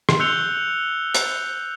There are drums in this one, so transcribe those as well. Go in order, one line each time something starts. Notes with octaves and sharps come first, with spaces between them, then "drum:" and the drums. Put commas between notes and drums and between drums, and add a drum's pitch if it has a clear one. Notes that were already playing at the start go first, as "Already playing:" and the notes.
drum: rim click
E6 F#6 G6 C#7 F7 G7
drum: hi-hat